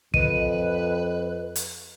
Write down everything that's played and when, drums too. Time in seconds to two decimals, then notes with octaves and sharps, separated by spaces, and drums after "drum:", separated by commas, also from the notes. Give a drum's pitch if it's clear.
0.14 F2 B4 D#5 D#7, drum: kick
1.56 drum: hi-hat